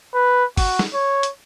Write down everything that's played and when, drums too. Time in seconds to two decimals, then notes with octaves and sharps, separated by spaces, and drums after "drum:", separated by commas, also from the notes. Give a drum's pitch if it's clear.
0.14 B4
0.57 F#4, drum: kick, open hi-hat
0.79 drum: snare
0.94 C#5
1.23 drum: hi-hat